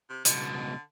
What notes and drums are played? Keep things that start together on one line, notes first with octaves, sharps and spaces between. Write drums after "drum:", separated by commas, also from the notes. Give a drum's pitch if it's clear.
C3
C#2 B2 D3, drum: hi-hat